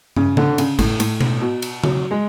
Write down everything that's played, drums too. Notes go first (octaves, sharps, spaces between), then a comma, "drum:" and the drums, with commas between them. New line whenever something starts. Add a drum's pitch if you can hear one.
C#3, drum: tom
D3, drum: tom C#3
C#3, drum: cymbal
A2, drum: kick G#1, cymbal
A2, drum: cymbal
drum: tom B2
B2
drum: cymbal
F#3, drum: tom C#3
G#3